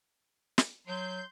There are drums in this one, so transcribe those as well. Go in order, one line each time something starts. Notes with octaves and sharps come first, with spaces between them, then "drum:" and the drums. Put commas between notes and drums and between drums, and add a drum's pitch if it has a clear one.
drum: snare
F#3 C6 G6